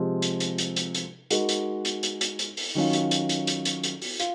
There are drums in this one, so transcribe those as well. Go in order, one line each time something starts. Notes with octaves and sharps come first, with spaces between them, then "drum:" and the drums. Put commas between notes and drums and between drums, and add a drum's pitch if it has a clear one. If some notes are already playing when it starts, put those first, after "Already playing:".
Already playing: C3 F3 G#3
drum: hi-hat
drum: hi-hat
drum: hi-hat
drum: hi-hat
drum: hi-hat
G#3 D#4 F#4 A#4, drum: hi-hat
drum: hi-hat
drum: hi-hat
drum: hi-hat
drum: hi-hat
drum: hi-hat
drum: open hi-hat
D#3 F#3 C#4 F4
drum: hi-hat
drum: hi-hat
drum: hi-hat
drum: hi-hat
drum: hi-hat
drum: hi-hat
drum: open hi-hat
F4, drum: hi-hat